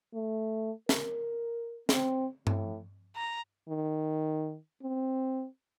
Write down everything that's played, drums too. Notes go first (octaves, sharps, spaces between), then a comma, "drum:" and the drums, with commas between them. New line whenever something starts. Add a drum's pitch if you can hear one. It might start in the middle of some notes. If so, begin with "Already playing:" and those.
A3
A#4, drum: snare
C4, drum: snare
A2, drum: tom G2
A#5
D#3
C4